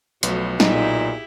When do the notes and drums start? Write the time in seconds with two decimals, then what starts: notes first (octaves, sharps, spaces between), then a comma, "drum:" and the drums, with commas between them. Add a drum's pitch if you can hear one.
0.23 B1 F3 F#3 A3 B3, drum: hi-hat
0.60 A#2 D#4 E4 G4 G#4, drum: snare